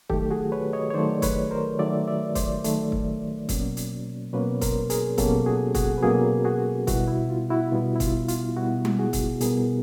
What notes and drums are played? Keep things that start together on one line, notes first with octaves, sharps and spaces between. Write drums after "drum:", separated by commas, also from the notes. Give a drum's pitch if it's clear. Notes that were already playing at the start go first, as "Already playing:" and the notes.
D#3 F#3 A3 G4 A4, drum: kick
F#4 G#4
B4 C#5
C#5 D#5
C#5
D#3 F#3 A3 C5 D5
B4 C#5, drum: kick, hi-hat
A#4 C5
D#3 F#3 A3 D5 E5
D5 E5
C5 D5, drum: kick, hi-hat
D#3 F#3 A3, drum: hi-hat
drum: kick
B2 F#3 A#3 C#4, drum: kick, hi-hat
drum: hi-hat
B2 F#3 A#3 C#4 B4 C#5
A#4 C5, drum: kick, hi-hat
G#4 A#4, drum: hi-hat
B2 F#3 A#3 C#4 G4 A4, drum: kick, hi-hat
F#4 G#4
F#4 G#4, drum: kick, hi-hat
B4
B2 F#3 A#3 C#4 G#4 A#4
F#4 G#4
B2 G3 B3 E4 F#4, drum: kick, hi-hat
E4
F4
E4 F#4
B2 G3 B3 F4
E4
F4, drum: kick, hi-hat
F4, drum: hi-hat
B2 G3 B3 E4 F#4
drum: tom G3
F#4 G#4
drum: kick, hi-hat
B2 G3 B3 G#4 A#4, drum: hi-hat